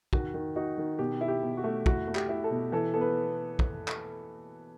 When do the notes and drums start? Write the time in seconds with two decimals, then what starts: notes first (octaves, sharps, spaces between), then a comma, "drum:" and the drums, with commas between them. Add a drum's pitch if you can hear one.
0.13 D#3 F#4, drum: kick
0.34 D#3
0.56 D#4 F#4
0.78 D#3
0.99 B2 G4
1.21 E4
1.28 G4
1.43 B2
1.57 F#4
1.64 A3
1.86 E4 F#4, drum: kick
2.08 A3
2.15 G4, drum: clap
2.29 E4
2.44 A4
2.51 B2
2.72 E3 A4
2.94 B3 A4
3.01 B4
3.59 drum: kick
3.88 drum: clap